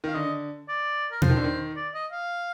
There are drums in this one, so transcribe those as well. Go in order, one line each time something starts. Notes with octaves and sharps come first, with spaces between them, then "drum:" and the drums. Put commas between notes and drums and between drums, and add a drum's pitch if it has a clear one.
D#3 F5
D3 D#5
D5
A#4
F3 C5, drum: tom
D#3
D3
D#3
D5
D#5
F5